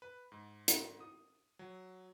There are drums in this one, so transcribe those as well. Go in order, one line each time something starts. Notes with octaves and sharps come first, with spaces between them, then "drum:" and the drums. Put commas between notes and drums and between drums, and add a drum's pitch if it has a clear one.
B4
G#2
drum: hi-hat
D#6
F#3